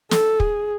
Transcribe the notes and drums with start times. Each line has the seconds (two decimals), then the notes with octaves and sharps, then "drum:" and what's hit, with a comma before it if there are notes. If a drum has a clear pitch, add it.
0.11 A4, drum: snare
0.40 G#4, drum: kick